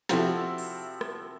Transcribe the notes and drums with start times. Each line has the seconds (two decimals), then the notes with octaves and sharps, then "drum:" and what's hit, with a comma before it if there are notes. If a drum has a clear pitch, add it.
0.09 C3 F3 C4 E4 F#4 A4, drum: snare
0.58 drum: open hi-hat
1.01 drum: rim click